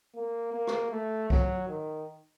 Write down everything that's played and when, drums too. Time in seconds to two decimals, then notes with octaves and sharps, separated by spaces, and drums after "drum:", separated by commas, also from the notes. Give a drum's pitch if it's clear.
0.15 A#3
0.53 A#3
0.67 drum: rim click
0.91 A3
1.30 F#3, drum: kick C2
1.68 D#3